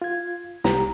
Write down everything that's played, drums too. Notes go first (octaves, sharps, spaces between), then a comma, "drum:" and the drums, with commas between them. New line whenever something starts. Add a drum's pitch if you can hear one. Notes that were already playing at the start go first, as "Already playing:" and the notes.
F4 G#6
C2 G4 A#5, drum: snare